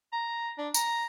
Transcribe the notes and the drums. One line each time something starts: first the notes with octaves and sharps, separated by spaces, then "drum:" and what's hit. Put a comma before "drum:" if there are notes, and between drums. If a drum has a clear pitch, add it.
A#5
D4
A#5, drum: tambourine